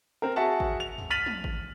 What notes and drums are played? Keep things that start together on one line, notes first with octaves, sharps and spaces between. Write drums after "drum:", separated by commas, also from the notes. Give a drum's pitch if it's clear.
C4 A#4
F#4 G#4 E5 F#5 A5
drum: kick G#1
F7
drum: tom
F6 A6 B6 D#7 F7 F#7
drum: tom
drum: kick G#1